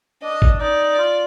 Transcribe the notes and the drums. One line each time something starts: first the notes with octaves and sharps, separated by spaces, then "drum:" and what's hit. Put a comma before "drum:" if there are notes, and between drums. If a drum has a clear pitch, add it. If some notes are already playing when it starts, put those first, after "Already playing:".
D4 D#5
drum: kick G#1
D#4 D5
F4